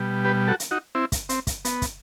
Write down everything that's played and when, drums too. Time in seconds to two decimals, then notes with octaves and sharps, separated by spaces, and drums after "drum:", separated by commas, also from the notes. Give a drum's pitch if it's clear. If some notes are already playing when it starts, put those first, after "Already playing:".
Already playing: B2 G3
0.25 G4 B4
0.48 F#4 A4
0.60 drum: hi-hat
0.71 D#4 F#4
0.95 C4 E4
1.12 drum: kick, hi-hat
1.29 C4, drum: hi-hat
1.47 drum: kick, hi-hat
1.65 B3, drum: hi-hat
1.82 drum: kick, hi-hat